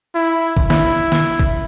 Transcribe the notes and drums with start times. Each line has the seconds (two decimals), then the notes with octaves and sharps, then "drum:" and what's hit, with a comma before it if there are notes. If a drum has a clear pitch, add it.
0.15 E4
0.57 drum: kick
0.70 E4, drum: snare
1.12 drum: snare
1.40 drum: kick